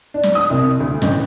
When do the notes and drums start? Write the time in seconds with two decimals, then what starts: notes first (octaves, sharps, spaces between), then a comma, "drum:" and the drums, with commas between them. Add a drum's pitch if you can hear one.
0.14 D4
0.23 drum: snare
0.35 D#6
0.50 C2
0.80 D2
1.02 A1, drum: snare